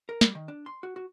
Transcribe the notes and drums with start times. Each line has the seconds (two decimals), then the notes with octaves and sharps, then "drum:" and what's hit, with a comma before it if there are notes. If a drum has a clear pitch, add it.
0.09 A#4
0.21 G3, drum: snare
0.35 D#3
0.48 D4
0.66 C6
0.83 F#4
0.96 F#4